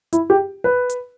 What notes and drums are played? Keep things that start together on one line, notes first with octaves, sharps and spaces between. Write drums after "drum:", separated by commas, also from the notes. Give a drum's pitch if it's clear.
E4, drum: hi-hat
G4
B4
drum: hi-hat